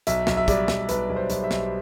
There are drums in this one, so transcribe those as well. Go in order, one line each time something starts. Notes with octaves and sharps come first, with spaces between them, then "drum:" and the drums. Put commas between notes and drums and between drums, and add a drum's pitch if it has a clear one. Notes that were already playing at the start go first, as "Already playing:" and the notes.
B1 E5, drum: hi-hat
B1, drum: snare
E5
G3 D5, drum: kick, hi-hat
B1, drum: snare
B1 B4, drum: hi-hat
B1
C5
B1, drum: hi-hat
E5
B1, drum: snare